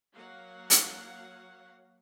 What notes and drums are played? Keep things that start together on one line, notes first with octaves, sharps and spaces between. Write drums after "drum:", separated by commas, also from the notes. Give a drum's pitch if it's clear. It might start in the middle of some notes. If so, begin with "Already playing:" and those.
F#3 A#3 C#5 F5 F#5
drum: hi-hat